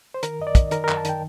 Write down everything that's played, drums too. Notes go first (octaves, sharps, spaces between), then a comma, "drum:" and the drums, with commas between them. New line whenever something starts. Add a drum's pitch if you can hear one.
C5
D#3 A#4, drum: hi-hat
F#2 D#5
D5
D#3, drum: kick, hi-hat
D#3 A#4, drum: hi-hat
A#4
F#2, drum: clap
A5
D#3 G5, drum: hi-hat